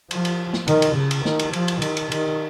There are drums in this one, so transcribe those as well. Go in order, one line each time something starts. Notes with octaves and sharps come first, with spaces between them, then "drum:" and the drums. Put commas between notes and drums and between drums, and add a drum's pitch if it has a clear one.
F3, drum: cymbal
drum: cymbal
drum: snare
D#3, drum: cymbal
drum: cymbal
C#3
drum: cymbal
D#3, drum: snare
drum: cymbal
F3, drum: cymbal
drum: cymbal
D#3, drum: cymbal
drum: cymbal
D#3, drum: cymbal